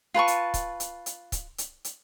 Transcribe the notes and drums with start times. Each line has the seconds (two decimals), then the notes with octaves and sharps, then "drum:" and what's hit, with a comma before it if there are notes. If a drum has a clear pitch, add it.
0.14 F4 B4 A5 C#6
0.28 drum: hi-hat
0.54 drum: kick C#1, hi-hat
0.80 drum: hi-hat
1.06 drum: hi-hat
1.32 drum: kick C#1, hi-hat
1.58 drum: hi-hat
1.84 drum: hi-hat